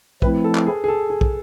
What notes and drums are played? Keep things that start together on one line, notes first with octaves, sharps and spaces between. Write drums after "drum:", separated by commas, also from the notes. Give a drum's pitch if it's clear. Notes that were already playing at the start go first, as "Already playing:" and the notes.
F3 A3 C4 E4 B4, drum: kick
A4
drum: clap
G#4
G#4
A4
G#4
drum: kick